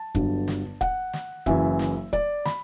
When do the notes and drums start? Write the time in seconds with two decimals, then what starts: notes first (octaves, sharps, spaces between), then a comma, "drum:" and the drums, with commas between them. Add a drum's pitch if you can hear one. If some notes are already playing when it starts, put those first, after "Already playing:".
Already playing: A5
0.15 G1 G2 D3 F#3, drum: kick
0.48 drum: snare
0.81 F#5, drum: kick
1.13 drum: snare
1.46 F#1 F#2 E3 E5, drum: kick
1.79 drum: snare
2.13 D5, drum: kick
2.45 B5, drum: snare